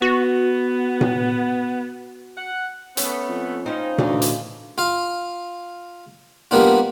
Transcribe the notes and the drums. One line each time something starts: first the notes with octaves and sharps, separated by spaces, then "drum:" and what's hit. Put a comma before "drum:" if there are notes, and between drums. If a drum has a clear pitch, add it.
B3 F#4
drum: tom A#2
F#5
A3 B3 C#4, drum: hi-hat
F2
C4 C#4 D#4 F4 B4
D2 E3 D4, drum: tom A#2
drum: hi-hat
F4 F5
G3 A#3 B3 D4 F4